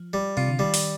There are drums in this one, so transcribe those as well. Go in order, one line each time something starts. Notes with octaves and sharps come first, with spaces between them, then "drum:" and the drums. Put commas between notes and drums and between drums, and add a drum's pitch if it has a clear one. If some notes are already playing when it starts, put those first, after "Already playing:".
Already playing: F3
G3
C3 F4
D3
D#3 G3
drum: open hi-hat